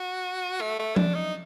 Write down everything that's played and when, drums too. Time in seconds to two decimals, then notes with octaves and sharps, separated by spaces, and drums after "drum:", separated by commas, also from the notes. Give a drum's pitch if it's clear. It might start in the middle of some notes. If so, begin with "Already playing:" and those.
Already playing: F#4
0.61 A3
0.79 A3
0.96 D4, drum: tom F3
1.15 D#4